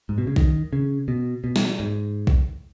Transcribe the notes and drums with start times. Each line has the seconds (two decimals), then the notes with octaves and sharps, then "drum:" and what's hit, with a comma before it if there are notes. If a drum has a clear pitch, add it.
0.09 G#2
0.18 B2
0.27 C#3
0.36 D#3, drum: kick B1
0.73 C#3
1.08 B2
1.44 B2
1.56 drum: snare
1.80 G#2
2.27 drum: kick B1